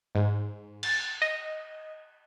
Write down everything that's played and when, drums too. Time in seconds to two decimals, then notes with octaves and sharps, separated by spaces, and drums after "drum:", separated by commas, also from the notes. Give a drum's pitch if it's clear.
0.15 G#2
0.83 A6, drum: cymbal
1.22 D#5